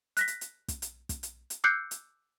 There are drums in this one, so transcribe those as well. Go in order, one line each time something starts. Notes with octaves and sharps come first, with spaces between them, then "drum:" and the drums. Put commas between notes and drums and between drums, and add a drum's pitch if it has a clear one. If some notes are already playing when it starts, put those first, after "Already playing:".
F#6 A#6 B6, drum: hi-hat
drum: hi-hat
drum: hi-hat
drum: kick, hi-hat
drum: hi-hat
drum: kick, hi-hat
drum: hi-hat
drum: hi-hat
D6 E6 F#6 G6 C7 C#7
drum: hi-hat